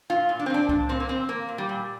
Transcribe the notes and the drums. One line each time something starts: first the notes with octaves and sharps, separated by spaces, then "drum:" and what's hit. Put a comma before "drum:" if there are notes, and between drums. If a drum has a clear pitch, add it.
A#2 F4
A#2
D4
C4
A#2 D4
A#2 D4, drum: kick C2
A#2 C4
A#3
A#2 C4
A#2 A#3
A#2
G3
A#2